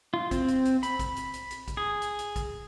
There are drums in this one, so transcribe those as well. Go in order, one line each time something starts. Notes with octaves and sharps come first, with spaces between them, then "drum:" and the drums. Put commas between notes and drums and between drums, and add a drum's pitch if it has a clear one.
F4
C4, drum: kick, hi-hat
drum: hi-hat
drum: hi-hat
B5, drum: hi-hat
drum: kick, hi-hat
drum: hi-hat
drum: hi-hat
drum: hi-hat
drum: kick, hi-hat
G#4
drum: hi-hat
drum: hi-hat
drum: kick, hi-hat